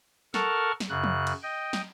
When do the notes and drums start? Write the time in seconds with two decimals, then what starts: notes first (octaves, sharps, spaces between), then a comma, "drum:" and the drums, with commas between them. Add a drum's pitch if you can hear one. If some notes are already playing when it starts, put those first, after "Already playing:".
0.34 A4 A#4 F#5 A5 C#6 F6, drum: snare
0.80 drum: snare
0.89 F#2 C#3 F#6
1.04 drum: tom E3
1.27 drum: cymbal
1.43 D#5 G5
1.73 drum: snare